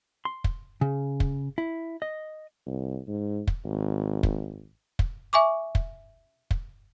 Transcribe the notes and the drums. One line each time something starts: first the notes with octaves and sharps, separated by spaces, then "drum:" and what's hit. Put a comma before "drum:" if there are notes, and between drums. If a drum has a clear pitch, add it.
C6
drum: kick
C#3
drum: kick
E4
D#5
C2
G#2
drum: kick
G#1
drum: kick
drum: kick
E5 G#5 C#6 D6
drum: kick
drum: kick